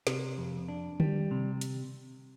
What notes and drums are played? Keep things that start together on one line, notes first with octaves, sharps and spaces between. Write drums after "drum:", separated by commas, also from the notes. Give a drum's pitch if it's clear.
C3, drum: snare
F2
D4
G3, drum: tom D3
C3
drum: hi-hat